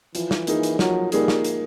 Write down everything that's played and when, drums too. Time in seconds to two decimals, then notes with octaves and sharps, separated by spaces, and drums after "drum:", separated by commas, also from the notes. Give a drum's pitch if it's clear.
0.15 E3 F3, drum: hi-hat
0.31 drum: snare
0.47 A#3 D#4 G#4, drum: hi-hat
0.63 drum: hi-hat
0.79 F3 F#3, drum: snare
1.12 G3 A#3 D#4 G#4, drum: hi-hat
1.28 drum: snare
1.45 drum: hi-hat